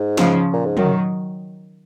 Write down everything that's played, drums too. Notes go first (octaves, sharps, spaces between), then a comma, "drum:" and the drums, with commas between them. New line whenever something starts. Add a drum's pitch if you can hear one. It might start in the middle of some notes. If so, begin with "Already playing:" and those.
Already playing: G#2
C#3 F3, drum: snare
A#2
G#2
F#2 D#3 F#3, drum: tom